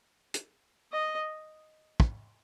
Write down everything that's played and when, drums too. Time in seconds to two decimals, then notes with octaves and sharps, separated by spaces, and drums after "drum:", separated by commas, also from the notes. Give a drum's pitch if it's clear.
0.34 drum: hi-hat
0.93 D#5
2.00 drum: kick